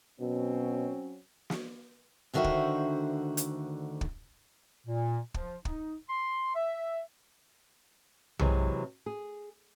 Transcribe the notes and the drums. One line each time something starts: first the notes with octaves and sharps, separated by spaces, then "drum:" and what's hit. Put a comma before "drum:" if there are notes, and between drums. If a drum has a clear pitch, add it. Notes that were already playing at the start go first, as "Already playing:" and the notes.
B2 F#3 C4 C#4
drum: snare
D2 D3 D#3 F#4 C5 E5
drum: kick
drum: hi-hat
drum: kick
A#2
F3, drum: kick
D#4, drum: kick
C6
E5
C3 E3 F#3 G#3 G#4, drum: tom B1
G#4